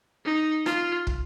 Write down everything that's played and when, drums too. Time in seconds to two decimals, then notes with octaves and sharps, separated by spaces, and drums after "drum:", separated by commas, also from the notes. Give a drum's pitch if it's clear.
0.25 D#4
0.66 F4, drum: rim click
1.07 drum: kick